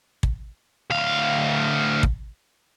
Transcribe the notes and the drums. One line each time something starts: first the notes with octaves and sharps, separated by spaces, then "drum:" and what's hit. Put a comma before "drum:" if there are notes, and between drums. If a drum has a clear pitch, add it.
drum: kick
D2 F5
drum: kick